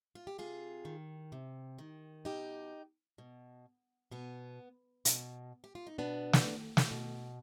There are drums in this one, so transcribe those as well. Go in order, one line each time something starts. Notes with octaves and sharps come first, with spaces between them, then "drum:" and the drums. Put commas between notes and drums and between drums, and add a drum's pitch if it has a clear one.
F4
G4
C3 F4 G#4
D#3
C3
D#3
B2 D#4 G4
B2
B2 B3
B2, drum: hi-hat
G4
F4
D#4
B2 B3 D4
drum: snare
drum: snare
B2